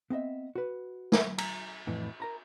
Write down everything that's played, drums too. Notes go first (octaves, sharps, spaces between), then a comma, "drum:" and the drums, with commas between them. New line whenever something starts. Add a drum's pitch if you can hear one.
B3 C4 D#5 E5
F#4 B4
drum: snare
A#5, drum: cymbal
F2 A2 E3
A#4 A#5 B5